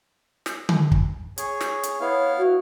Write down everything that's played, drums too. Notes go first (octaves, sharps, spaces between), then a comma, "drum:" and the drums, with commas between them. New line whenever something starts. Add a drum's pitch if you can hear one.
drum: snare
drum: tom D3
drum: kick
G#4 C#5, drum: hi-hat
drum: snare
drum: hi-hat
B3 E4 C#5 F5
F#4